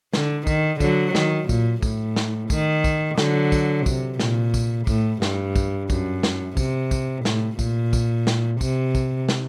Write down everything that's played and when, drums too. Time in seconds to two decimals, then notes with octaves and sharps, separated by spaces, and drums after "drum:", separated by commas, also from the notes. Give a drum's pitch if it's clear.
0.13 D3, drum: snare
0.47 D#3, drum: kick, tambourine
0.80 D3 F#3, drum: kick, tambourine
1.15 D#3, drum: snare
1.49 A#2, drum: kick, tambourine
1.82 A2, drum: kick, tambourine
2.16 drum: snare
2.50 D#3, drum: kick, tambourine
2.84 drum: kick, tambourine
3.18 D3 F#3, drum: snare
3.52 drum: kick, tambourine
3.86 C3, drum: kick, tambourine
4.20 A#2, drum: snare
4.54 drum: kick, tambourine
4.87 A2, drum: kick, tambourine
5.22 G2, drum: snare
5.56 drum: kick, tambourine
5.90 F#2, drum: kick, tambourine
6.23 drum: snare
6.57 C3, drum: kick, tambourine
6.91 drum: kick, tambourine
7.25 A2, drum: snare
7.59 A#2, drum: kick, tambourine
7.93 drum: kick, tambourine
8.27 drum: snare
8.61 C3, drum: kick, tambourine
8.95 drum: kick, tambourine
9.29 drum: snare